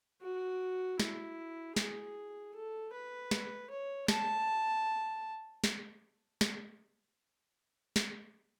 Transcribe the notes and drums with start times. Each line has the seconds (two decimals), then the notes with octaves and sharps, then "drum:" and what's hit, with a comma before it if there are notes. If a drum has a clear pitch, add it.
0.22 F#4
1.00 E4, drum: snare
1.76 G#4, drum: snare
2.55 A4
2.93 B4
3.31 drum: snare
3.70 C#5
4.08 A5, drum: snare
5.64 drum: snare
6.41 drum: snare
7.96 drum: snare